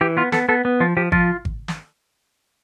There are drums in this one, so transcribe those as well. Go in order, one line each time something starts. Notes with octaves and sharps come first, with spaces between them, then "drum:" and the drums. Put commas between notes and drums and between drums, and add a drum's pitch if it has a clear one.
E3 G4
B3 F4
B3 A4, drum: snare
B3 A4
B3
F3 F4
F3 G4
F3 F4, drum: kick G#1
drum: kick G#1
drum: snare